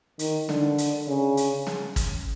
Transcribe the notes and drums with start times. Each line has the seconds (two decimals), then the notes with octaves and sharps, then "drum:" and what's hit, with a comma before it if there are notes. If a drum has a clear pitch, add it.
0.19 D#3, drum: hi-hat
0.49 D3, drum: snare
0.78 drum: hi-hat
1.07 C#3
1.37 drum: hi-hat
1.67 drum: snare
1.96 drum: kick, hi-hat